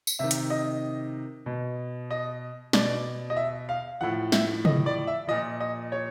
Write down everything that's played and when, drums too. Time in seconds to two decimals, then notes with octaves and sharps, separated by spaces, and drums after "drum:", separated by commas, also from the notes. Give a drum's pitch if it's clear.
0.07 drum: tambourine
0.19 C3 D#3 E5
0.31 drum: hi-hat
0.50 D#5
1.46 B2
2.10 D#5
2.73 B2 D5, drum: snare
3.30 D#5
3.37 E5
3.69 F5
4.01 A2 F3 F#5
4.32 E5, drum: snare
4.65 D#5, drum: tom C3
4.86 D5
5.07 E5
5.27 A#2 F3 D#5
5.60 D#5
5.92 C#5